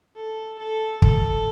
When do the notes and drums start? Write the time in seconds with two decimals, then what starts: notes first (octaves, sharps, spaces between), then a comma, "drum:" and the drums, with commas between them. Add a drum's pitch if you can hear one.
0.16 A4
0.59 A4
1.02 A4, drum: kick